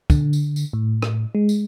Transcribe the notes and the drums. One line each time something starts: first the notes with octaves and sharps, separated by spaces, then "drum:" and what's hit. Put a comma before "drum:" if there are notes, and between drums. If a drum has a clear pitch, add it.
D3, drum: kick, tambourine
drum: tambourine
drum: tambourine
A2
drum: rim click
G#3
drum: tambourine